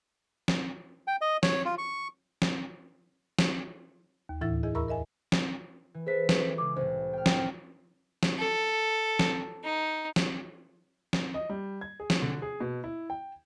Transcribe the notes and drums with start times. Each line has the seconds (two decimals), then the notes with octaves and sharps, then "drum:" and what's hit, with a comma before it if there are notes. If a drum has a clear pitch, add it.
0.48 drum: snare
1.07 G5
1.21 D#5
1.43 C#5, drum: snare
1.65 F4
1.78 C#6
2.42 drum: snare
3.39 drum: snare
4.29 D#2
4.41 D2 A2 E3 E4 E5 A6
4.63 E2 E4 G#4 D#5
4.75 A#4 E5 A#5 B5 C#6 E6
4.88 A#4 D#5 E5 G#5
5.32 drum: snare
5.94 E3
6.06 G#4 A4 B4 C5 E5 B6
6.29 drum: snare
6.58 C#3 G#3 D6
6.76 C2 A2 C5
7.13 G5 F6
7.26 drum: snare
8.23 drum: snare
8.38 A4
9.19 drum: snare
9.64 D#4
10.16 drum: snare
11.13 drum: snare
11.34 D#5
11.49 G3
11.81 G#6
12.00 G#4
12.10 drum: snare
12.22 D3
12.42 G#4
12.60 B2
12.84 E4
13.10 G5